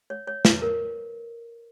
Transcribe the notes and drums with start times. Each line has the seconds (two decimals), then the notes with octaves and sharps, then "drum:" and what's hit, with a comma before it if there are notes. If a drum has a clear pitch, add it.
0.10 C#5
0.27 C#5
0.45 B4, drum: snare
0.62 A#4